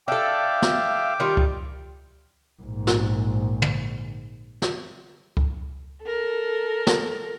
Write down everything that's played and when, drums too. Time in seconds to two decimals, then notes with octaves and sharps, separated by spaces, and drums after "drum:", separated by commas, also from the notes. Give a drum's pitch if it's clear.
0.08 D4 A4 E5 F5 G5 D6
0.62 drum: snare
1.20 D#3 G3 F4
1.37 drum: kick C#2
2.62 A#1 G#2
2.87 drum: snare
3.62 drum: tom
4.62 drum: snare
5.37 drum: kick C#2
6.03 A4 A#4
6.87 drum: snare